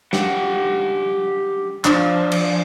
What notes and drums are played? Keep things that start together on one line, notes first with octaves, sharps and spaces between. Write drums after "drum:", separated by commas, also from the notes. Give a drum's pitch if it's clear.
G4 F#5 G5, drum: snare
F3 D4 A#5, drum: clap
drum: cymbal